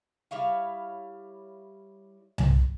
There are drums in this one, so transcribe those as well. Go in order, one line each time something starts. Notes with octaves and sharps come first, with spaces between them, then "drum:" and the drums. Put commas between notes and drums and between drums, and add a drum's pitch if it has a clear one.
G3 E4 C#5 F5
drum: tom C2